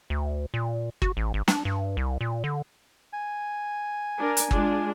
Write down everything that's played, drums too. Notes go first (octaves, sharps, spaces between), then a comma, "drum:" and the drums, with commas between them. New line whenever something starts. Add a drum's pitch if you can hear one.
D2
A#2
F#4, drum: kick
A1
G#1
D4, drum: snare
G2
C2
A#2
D3
G#5
D4 A#4
drum: hi-hat
G#3 D4 F4, drum: kick